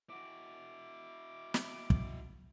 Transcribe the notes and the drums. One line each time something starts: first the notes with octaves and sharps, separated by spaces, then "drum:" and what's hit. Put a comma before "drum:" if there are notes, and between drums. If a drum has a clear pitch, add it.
E4 F#4 D6
drum: snare
drum: kick